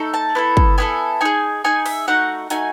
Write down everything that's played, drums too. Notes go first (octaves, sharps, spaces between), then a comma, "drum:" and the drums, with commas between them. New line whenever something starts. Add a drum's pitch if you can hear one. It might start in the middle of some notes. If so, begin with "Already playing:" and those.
Already playing: A3 D#4 A4
A5
B3 E4 A4
drum: kick
B3 E4 A4 G#5
D#4 G#4 G#5
D#4 G#4 G#5
E5, drum: open hi-hat
A3 D#4 F#4 F#5
A3 D#4 F#4 G#5, drum: hi-hat